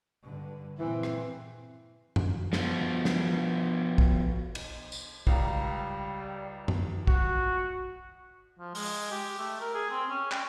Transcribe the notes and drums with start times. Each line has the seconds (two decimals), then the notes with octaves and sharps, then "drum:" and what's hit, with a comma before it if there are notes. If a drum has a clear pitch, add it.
0.23 G2 D3
0.79 A#2 E3 C4
1.03 drum: rim click
2.16 drum: tom F#2
2.53 B2 F3, drum: snare
3.05 drum: snare
3.98 drum: kick
4.55 drum: cymbal
4.92 drum: tambourine
5.27 C#2 G3 F5 A#5, drum: kick
6.68 drum: tom F#2
7.07 F#4, drum: kick
8.59 F3
8.75 G#3, drum: open hi-hat
9.11 G4
9.39 A3
9.60 A#4
9.74 G#4
9.91 C4
10.10 C#4
10.32 G5, drum: clap